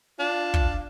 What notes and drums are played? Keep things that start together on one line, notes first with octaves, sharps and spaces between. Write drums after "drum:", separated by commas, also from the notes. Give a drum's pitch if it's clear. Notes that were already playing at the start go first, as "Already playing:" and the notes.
D4 F4 F5
drum: kick